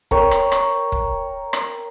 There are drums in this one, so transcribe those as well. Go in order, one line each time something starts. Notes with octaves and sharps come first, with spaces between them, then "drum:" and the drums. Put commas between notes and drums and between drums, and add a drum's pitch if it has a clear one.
A#4 C#5 G5, drum: kick
drum: rim click
drum: rim click
drum: kick
drum: rim click